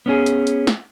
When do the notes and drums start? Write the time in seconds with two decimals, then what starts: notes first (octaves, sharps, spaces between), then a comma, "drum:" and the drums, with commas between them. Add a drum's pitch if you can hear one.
0.06 B3 C#4 G#4
0.26 drum: hi-hat
0.47 drum: hi-hat
0.67 drum: snare